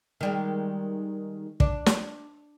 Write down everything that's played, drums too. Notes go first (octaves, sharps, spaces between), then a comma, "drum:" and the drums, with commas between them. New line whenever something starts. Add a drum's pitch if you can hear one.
D#3 G3 G#3
D4, drum: kick
drum: snare